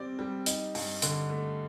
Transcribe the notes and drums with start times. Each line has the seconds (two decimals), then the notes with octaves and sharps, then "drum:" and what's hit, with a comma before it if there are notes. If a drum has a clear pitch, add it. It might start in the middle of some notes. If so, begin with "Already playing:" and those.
Already playing: G3 C4 G4 D5
0.19 G3
0.46 D#4, drum: hi-hat
0.75 G2, drum: open hi-hat
1.02 D3, drum: hi-hat
1.29 A3